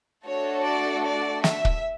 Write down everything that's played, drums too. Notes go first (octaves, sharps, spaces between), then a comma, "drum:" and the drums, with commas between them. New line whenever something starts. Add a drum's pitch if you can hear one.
A3 D4 F#4 A4 C#5
D5
D5
E5, drum: snare
drum: kick